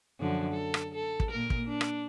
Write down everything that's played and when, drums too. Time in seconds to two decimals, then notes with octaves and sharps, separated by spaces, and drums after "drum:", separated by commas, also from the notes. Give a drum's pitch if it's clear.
0.20 F#2 D3 F3
0.53 A4
0.74 drum: rim click
0.95 A4
1.20 drum: kick
1.31 A#2 A#3 A#4
1.50 drum: kick
1.65 D4
1.81 drum: rim click